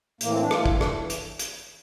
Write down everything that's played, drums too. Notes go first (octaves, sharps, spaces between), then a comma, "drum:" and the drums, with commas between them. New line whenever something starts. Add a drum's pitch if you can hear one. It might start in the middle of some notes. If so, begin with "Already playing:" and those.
A2 E3 A#3, drum: hi-hat
C4
D4
A2 E3 F4, drum: rim click
E4, drum: kick
D4
E3, drum: rim click
drum: hi-hat
drum: hi-hat